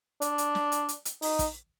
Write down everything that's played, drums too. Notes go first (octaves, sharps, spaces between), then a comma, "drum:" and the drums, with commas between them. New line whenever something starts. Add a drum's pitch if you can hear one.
D4, drum: hi-hat
drum: hi-hat
drum: snare
drum: hi-hat
drum: hi-hat
drum: hi-hat
D#4, drum: open hi-hat
drum: kick, hi-hat